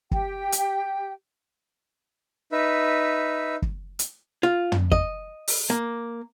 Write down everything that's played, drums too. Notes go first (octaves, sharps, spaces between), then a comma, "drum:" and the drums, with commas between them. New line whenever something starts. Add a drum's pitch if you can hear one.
G4 G5, drum: kick
drum: hi-hat
D#4 B4 E5
drum: kick
drum: hi-hat
F4
drum: tom
D#5, drum: kick
drum: open hi-hat
A#3